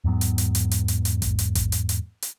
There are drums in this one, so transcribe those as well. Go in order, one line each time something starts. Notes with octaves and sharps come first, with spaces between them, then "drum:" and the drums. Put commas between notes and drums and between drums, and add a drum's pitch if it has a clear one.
E2 G#2 F#3 B3
drum: hi-hat
drum: hi-hat
drum: hi-hat
drum: hi-hat
drum: hi-hat
drum: hi-hat
drum: kick A1, hi-hat
drum: hi-hat
drum: kick A1, hi-hat
drum: hi-hat
drum: hi-hat
drum: hi-hat